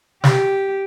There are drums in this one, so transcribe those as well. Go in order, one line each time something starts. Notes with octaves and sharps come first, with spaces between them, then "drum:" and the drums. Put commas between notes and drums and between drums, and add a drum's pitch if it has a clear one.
G4, drum: snare